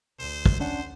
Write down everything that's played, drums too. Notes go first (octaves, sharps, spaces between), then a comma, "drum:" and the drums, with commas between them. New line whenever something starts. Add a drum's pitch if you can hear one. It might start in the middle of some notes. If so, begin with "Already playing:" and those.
D2 C5
drum: kick
C#4 D4 C5 F#5